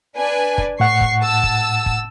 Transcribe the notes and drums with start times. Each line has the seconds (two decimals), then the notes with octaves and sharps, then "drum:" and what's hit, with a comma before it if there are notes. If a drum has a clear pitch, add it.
0.16 D4 B4 G#5
0.58 drum: kick
0.80 A2 F#5 C#6 C7
1.01 drum: kick
1.22 A5 E6
1.43 drum: kick
1.86 drum: kick